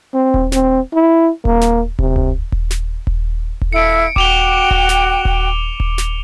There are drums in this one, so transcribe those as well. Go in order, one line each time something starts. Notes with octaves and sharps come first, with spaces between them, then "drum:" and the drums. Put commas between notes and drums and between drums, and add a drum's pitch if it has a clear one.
C4
drum: kick D#1
C4, drum: snare
E4
A#3, drum: kick D#1
drum: snare
C3, drum: kick D#1
drum: tom C#2
drum: kick D#1
drum: snare
drum: kick D#1
drum: kick D#1
E4 A4 F5 C#7 D7
F#4 G5 D6 F7 G7, drum: kick D#1
drum: kick D#1
drum: snare
drum: kick D#1
drum: kick D#1
drum: snare